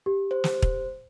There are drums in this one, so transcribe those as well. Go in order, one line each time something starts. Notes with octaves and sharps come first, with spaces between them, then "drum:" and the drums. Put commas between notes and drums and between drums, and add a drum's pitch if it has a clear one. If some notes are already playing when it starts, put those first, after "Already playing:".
G4
C5
drum: snare
drum: kick